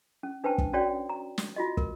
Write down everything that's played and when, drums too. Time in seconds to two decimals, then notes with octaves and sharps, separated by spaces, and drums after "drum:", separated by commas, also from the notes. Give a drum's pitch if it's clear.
0.23 C#4
0.44 D4 B4 C5 G5 A5
0.58 drum: kick
0.73 C#4 F#4 C#5 D5 G5
1.09 A#5
1.38 drum: snare
1.56 F4 F#4 D#5
1.77 A#4, drum: kick